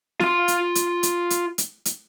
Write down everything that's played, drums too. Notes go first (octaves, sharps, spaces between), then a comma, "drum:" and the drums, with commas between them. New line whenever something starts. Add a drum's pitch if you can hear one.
F4 C6, drum: snare
drum: hi-hat
drum: hi-hat
drum: hi-hat
drum: hi-hat
drum: hi-hat
drum: hi-hat